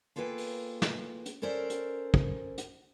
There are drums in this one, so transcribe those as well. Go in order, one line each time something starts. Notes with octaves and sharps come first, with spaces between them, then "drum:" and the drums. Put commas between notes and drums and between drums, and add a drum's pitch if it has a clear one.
A#3 F4 G#4 A4 B4 G5
drum: open hi-hat
drum: snare
drum: hi-hat
C#4 A4 A#4 C5 D5 E5
drum: hi-hat
drum: kick
drum: hi-hat